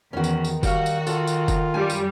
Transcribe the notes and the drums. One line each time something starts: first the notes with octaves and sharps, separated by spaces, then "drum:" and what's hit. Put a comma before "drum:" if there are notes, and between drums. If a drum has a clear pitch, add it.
E2 D#3 C#4 F#4
drum: tambourine
drum: tambourine
G3 F#4 F5, drum: kick, tambourine
drum: tambourine
F4 A4, drum: tambourine
drum: tambourine
drum: kick, tambourine
F#2 G3 G#5
drum: tambourine